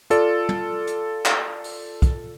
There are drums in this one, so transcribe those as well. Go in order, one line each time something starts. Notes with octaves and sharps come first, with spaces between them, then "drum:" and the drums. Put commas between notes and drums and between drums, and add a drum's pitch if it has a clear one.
F4 A4 D5, drum: hi-hat
drum: tom
drum: hi-hat
drum: clap
drum: open hi-hat
drum: kick, hi-hat